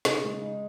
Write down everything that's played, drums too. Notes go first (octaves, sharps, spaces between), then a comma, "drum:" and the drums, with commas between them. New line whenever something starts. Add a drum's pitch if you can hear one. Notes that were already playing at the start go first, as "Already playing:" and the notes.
C#3, drum: snare
G#3
D#4